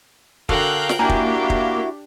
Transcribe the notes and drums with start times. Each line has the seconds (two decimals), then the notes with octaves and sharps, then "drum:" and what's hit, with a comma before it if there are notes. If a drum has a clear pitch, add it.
0.49 D3 F#4 A4 A#4 F5 G5 F#6, drum: kick
0.89 drum: snare
0.99 A#3 D4 E4 F#4 G4 G5 G#5 A#5
1.09 drum: kick
1.50 drum: kick